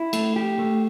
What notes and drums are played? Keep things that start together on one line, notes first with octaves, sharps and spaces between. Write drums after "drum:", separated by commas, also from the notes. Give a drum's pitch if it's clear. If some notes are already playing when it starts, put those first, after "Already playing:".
Already playing: E4
A3, drum: cymbal
G4
A3